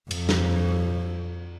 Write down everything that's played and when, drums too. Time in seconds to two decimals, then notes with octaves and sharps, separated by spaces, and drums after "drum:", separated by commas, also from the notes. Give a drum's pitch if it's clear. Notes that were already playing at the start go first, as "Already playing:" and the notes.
0.11 F2, drum: cymbal
0.29 drum: snare